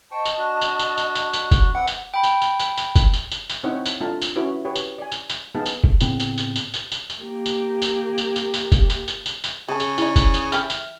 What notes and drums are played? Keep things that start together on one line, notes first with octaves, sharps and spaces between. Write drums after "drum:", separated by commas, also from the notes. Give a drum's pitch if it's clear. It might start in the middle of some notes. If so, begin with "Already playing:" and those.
C5 D#5 G5 A5 C#6
drum: tambourine
D4 F#4
drum: tambourine
drum: tambourine
drum: tambourine
drum: tambourine
drum: tambourine
drum: kick, tambourine
C4 B4 F#5 D6
drum: tambourine
G5 B5
drum: tambourine
drum: tambourine
drum: tambourine
drum: tambourine
drum: kick, tambourine
drum: tambourine
drum: tambourine
drum: tambourine
C4 D#4 E4 C5 C#5 F#5
drum: tambourine
A3 D4 F4 F5 A5 A#5
drum: tambourine
C#4 E4 F#4 B4 C#5
G4 B4 C#5
drum: tambourine
D5 G#5
drum: tambourine
drum: tambourine
B3 D#4 G#4 F5 A5
drum: tambourine
drum: kick
A2 C#3 B3 C4, drum: tambourine
drum: tambourine
drum: tambourine
drum: tambourine
drum: tambourine
drum: tambourine
drum: tambourine
A#3 G4
drum: tambourine
drum: tambourine
drum: tambourine
drum: tambourine
drum: tambourine
drum: kick, tambourine
drum: tambourine
drum: tambourine
drum: tambourine
drum: tambourine
C#3 G#4 A5
drum: tambourine
D#4 E4 G#4 D5, drum: tambourine
drum: kick, tambourine
drum: tambourine
E3 E4 G4 F6, drum: tambourine
drum: tambourine